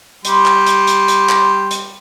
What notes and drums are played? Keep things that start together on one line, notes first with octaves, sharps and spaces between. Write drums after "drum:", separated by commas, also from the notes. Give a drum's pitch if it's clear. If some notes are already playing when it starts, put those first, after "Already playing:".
G3 G4 C6, drum: hi-hat
drum: clap
drum: hi-hat
drum: hi-hat
drum: hi-hat
drum: clap
drum: hi-hat